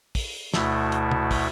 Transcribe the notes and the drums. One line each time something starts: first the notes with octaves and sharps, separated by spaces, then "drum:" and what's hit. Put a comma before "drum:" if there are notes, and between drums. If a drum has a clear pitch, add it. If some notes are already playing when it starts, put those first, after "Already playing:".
drum: kick, open hi-hat
D2 B2 A3 E4, drum: snare
drum: hi-hat
drum: tom
drum: kick, open hi-hat